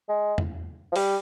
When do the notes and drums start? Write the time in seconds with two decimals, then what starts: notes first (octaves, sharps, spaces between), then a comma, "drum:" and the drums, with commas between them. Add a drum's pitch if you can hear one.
0.09 G#3
0.38 drum: tom E2
0.92 F3
0.96 G3, drum: open hi-hat